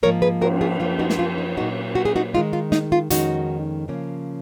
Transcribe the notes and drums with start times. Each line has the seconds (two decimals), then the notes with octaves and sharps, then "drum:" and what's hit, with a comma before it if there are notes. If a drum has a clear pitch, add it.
0.03 G#2 F3 A#3 A#4 C#5
0.22 G#4 B4
0.41 F#4 A#4, drum: cymbal
0.61 F4 G#4
0.80 F#2 F3 A#3 F4
0.99 D#4 F#4
1.10 drum: snare
1.19 F4
1.38 D#4
1.57 A#2 F#3 A#3 D#4 F#4
1.95 F#4
2.05 G#4
2.16 D#4 F#4
2.34 D#3 G#3 D#4 F4
2.53 F4
2.72 D#4, drum: snare
2.92 F4
3.10 F2 D#3 G#3 C#4 D#4 F#4, drum: hi-hat
3.88 C#3 F3 A#3 C#4